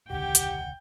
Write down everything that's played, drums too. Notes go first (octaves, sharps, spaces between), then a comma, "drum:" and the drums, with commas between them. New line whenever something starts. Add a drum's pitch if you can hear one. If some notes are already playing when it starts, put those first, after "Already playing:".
E1 C#2 D3 G4 F#5 G5
drum: hi-hat